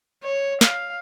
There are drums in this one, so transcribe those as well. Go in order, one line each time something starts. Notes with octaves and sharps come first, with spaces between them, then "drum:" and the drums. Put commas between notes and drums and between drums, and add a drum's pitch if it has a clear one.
C#5
F5, drum: snare